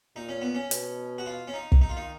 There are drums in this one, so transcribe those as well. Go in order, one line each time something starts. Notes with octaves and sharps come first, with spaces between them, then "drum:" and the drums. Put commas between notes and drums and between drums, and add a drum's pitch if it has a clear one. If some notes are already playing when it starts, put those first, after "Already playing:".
A#2 D#4
C#4
B3
C#4
B2, drum: hi-hat
F#4
F4
C#4
D#4
drum: kick
D#3 D#4
F4
D#4